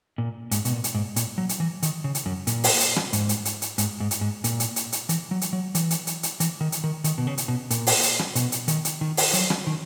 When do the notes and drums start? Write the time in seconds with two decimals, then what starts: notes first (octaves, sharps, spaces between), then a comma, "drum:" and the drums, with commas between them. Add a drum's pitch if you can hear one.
0.18 A#2
0.51 G#2, drum: hi-hat
0.65 B2, drum: hi-hat
0.73 A#2
0.84 drum: hi-hat
0.95 G#2
1.16 A#2, drum: hi-hat
1.38 F#3
1.49 drum: hi-hat
1.60 E3
1.83 D#3, drum: hi-hat
2.04 C#3
2.15 drum: hi-hat
2.26 F#2
2.47 A#2, drum: hi-hat
2.64 drum: open hi-hat
2.80 drum: hi-hat
2.96 drum: rim click
3.13 G#2, drum: hi-hat
3.29 drum: hi-hat
3.45 drum: hi-hat
3.62 drum: hi-hat
3.78 G#2, drum: hi-hat
4.00 G#2
4.11 drum: hi-hat
4.21 G#2
4.44 A#2, drum: hi-hat
4.60 drum: hi-hat
4.76 drum: hi-hat
4.92 drum: hi-hat
5.09 E3, drum: hi-hat
5.31 F#3
5.41 drum: hi-hat
5.53 F#3
5.75 E3, drum: hi-hat
5.90 drum: hi-hat
6.07 drum: hi-hat
6.23 drum: hi-hat
6.40 E3, drum: hi-hat
6.61 D#3
6.72 drum: hi-hat
6.84 D#3
7.04 D#3, drum: hi-hat
7.18 B2
7.27 C#3
7.38 drum: hi-hat
7.48 B2
7.70 A#2, drum: hi-hat
7.87 drum: open hi-hat
8.03 drum: hi-hat
8.19 drum: rim click
8.35 B2, drum: hi-hat
8.52 drum: hi-hat
8.68 D#3, drum: hi-hat
8.85 drum: hi-hat
9.01 D#3
9.17 drum: open hi-hat
9.33 F#3, drum: hi-hat
9.50 drum: rim click
9.67 D#3